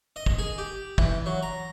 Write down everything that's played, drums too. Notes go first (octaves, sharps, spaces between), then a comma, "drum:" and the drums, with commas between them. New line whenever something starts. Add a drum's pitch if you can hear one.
D#5
drum: kick
G#4
G4
E3, drum: kick
F#3
A#5